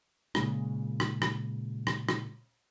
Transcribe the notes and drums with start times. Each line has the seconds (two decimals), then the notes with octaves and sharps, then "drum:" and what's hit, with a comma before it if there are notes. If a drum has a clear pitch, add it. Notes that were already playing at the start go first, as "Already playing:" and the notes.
0.35 A#2 C#3 G#3, drum: rim click
1.00 drum: rim click
1.22 drum: rim click
1.87 drum: rim click
2.09 drum: rim click